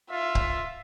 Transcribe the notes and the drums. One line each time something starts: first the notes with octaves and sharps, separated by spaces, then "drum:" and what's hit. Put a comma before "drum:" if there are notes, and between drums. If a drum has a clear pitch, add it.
F4 E5
drum: kick C#1